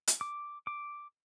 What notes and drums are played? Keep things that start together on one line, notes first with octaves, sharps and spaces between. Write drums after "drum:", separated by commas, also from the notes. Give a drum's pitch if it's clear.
drum: hi-hat
D6
D6